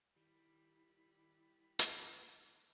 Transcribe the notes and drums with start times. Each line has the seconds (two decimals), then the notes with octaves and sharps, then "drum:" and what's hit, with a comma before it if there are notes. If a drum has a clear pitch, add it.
0.16 D#3 G3 E4 B5
1.79 drum: hi-hat